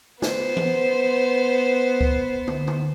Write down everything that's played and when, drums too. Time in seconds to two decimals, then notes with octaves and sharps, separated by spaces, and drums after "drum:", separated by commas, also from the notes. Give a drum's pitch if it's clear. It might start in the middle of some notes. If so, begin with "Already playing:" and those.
0.22 B3 C5, drum: snare
0.57 drum: tom E3
2.01 drum: kick C#2
2.47 drum: tom
2.67 drum: tom